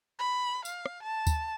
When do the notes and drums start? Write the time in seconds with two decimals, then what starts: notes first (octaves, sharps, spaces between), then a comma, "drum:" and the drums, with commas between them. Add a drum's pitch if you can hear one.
0.19 B5
0.65 F5, drum: tambourine
0.86 drum: rim click
1.03 A5
1.27 drum: kick D2, tambourine